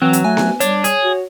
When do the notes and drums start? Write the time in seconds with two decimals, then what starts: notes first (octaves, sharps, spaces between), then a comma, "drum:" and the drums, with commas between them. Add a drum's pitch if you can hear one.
0.02 E3 F#3 C4
0.13 drum: hi-hat
0.24 A3 G#5
0.37 drum: snare B3
0.60 G3 D4 C#5, drum: hi-hat
0.84 G#4, drum: hi-hat
1.03 F#4